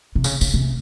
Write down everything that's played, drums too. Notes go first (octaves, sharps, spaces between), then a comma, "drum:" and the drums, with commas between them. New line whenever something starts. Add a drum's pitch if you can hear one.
C3
C#3, drum: tambourine
C#3, drum: tambourine
C3